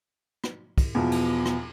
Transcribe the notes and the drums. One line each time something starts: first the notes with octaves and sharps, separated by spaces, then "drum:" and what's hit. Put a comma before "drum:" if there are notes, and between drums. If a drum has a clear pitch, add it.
drum: rim click
drum: kick, cymbal
E2 B2 F3
drum: cymbal
drum: rim click